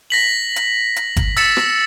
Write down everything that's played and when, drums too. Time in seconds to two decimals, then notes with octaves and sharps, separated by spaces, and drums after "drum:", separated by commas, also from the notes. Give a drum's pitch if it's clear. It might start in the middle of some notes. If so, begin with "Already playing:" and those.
0.10 A#6 B6 F#7
0.56 drum: hi-hat
0.96 drum: hi-hat
1.16 drum: kick G1, hi-hat
1.37 E6 A6 B6 C#7 E7, drum: hi-hat
1.57 drum: rim click